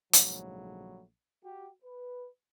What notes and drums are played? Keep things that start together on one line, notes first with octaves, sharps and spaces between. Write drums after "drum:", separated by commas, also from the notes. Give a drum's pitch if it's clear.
A#1 G#2 C#3 F#3 G3 A3, drum: hi-hat
F#4 G4
B4